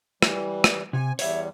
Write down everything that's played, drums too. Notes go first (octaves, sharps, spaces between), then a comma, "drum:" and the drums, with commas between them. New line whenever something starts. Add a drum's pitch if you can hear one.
E3 G3, drum: rim click
drum: rim click
C3 G#5
E2 G3 C#5 E5, drum: open hi-hat